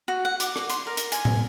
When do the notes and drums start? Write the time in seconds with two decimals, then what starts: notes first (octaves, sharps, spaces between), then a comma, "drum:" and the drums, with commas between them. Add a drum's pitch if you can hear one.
0.08 F#4
0.25 F#5
0.40 D6, drum: hi-hat
0.56 drum: rim click
0.70 C6, drum: hi-hat
0.87 A#4
0.97 drum: hi-hat
1.12 G#5, drum: hi-hat
1.25 drum: tom A2